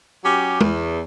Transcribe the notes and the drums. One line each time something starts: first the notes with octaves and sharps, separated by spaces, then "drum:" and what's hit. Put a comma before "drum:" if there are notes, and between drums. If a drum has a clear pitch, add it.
F#3 C#4 G4
E2, drum: tom G#3